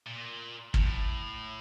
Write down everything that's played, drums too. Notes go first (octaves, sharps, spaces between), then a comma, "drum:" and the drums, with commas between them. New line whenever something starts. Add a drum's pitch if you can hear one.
A#2
A2, drum: kick